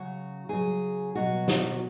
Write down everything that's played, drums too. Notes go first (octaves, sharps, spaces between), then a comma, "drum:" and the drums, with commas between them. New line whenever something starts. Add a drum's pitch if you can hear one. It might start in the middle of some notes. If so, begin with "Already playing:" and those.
Already playing: C#3 F#3 F#4
C#3 F#3 G#4
B2 F#3 F#4
drum: snare